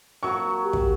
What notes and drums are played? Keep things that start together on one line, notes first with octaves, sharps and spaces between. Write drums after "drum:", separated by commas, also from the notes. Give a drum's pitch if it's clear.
F#3 A#3 C#6
G4
drum: kick